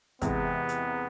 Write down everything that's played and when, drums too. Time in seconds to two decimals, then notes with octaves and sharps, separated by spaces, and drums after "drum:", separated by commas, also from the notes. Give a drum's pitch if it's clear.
0.22 E2 C3 G#3 B3, drum: kick, hi-hat
0.69 drum: hi-hat